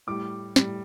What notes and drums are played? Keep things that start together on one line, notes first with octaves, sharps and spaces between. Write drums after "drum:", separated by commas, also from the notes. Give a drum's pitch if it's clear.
A2 G3 D6
A2 G3, drum: snare